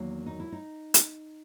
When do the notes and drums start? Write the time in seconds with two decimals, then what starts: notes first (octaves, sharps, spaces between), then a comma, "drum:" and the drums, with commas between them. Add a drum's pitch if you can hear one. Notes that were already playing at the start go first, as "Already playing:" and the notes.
Already playing: E2 D#3 F#3 A#3
0.26 D#4
0.40 E4
0.52 D#4
0.94 drum: hi-hat